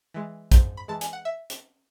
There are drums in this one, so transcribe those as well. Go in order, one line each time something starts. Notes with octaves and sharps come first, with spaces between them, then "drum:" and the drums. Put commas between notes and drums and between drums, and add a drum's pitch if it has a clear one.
E3 G#3
G#2, drum: kick, hi-hat
B5
E3 G#3 A5
G#5, drum: hi-hat
F#5
E5
drum: hi-hat